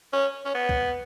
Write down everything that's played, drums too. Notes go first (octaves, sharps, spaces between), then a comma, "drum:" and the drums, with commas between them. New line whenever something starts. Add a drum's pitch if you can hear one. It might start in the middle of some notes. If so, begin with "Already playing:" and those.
C#4
C#4
B3
drum: kick